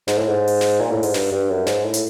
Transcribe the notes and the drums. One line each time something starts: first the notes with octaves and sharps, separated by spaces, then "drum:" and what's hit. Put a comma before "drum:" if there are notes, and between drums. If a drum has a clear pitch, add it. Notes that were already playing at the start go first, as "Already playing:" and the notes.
G#2, drum: snare
A2
G#2
drum: open hi-hat
drum: snare
A#2
A2
G#2, drum: open hi-hat
G2, drum: snare
G2
F#2
G#2, drum: snare
A2
drum: hi-hat